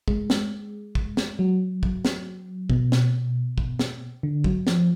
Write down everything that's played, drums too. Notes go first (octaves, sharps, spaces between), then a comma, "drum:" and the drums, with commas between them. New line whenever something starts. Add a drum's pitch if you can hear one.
G#3, drum: kick
drum: snare
drum: kick
drum: snare
F#3
drum: kick
drum: snare
B2, drum: kick
drum: snare
drum: kick
drum: snare
D3
F#3, drum: kick
F3, drum: snare